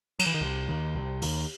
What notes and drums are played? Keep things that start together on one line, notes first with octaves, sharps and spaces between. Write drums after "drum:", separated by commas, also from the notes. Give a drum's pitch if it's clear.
F#3, drum: cymbal
E3
D#3
C2 C3
D#2 D#3
C2 C3
D#2 D#3, drum: open hi-hat